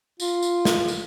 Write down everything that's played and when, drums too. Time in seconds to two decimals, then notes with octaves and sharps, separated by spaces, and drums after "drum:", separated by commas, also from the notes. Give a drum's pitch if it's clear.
0.20 F4, drum: tambourine
0.43 drum: tambourine
0.65 drum: snare
0.88 drum: tambourine